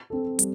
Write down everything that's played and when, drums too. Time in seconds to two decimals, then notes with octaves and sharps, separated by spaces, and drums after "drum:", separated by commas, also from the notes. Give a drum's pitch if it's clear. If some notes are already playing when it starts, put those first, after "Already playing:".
0.10 C4 A4
0.39 G3, drum: hi-hat